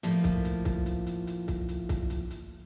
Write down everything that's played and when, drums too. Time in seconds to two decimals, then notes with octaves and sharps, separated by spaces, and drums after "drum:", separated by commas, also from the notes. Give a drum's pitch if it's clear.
0.03 A2 F3 A#3, drum: hi-hat
0.24 drum: kick C2, hi-hat
0.45 drum: hi-hat
0.65 drum: kick C2, hi-hat
0.86 drum: hi-hat
1.07 drum: hi-hat
1.27 drum: hi-hat
1.48 drum: kick C2, hi-hat
1.69 drum: hi-hat
1.89 drum: kick C2, hi-hat
2.10 drum: hi-hat
2.31 drum: hi-hat